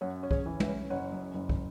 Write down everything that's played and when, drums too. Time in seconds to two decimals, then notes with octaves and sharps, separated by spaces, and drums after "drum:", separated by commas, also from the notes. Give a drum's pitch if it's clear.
0.01 F#2 C#5 F#5
0.23 C#4
0.31 G#4 C#5, drum: kick
0.46 E3
0.60 B4 E5, drum: tom
0.68 C#4
0.90 F#1 C#5 F#5
1.12 F#2
1.34 F#1
1.49 drum: kick